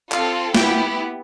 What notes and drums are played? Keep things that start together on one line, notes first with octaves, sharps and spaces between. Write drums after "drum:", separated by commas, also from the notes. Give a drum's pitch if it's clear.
C4 F4 A4 F5, drum: clap
B3 E4 G4 G5, drum: snare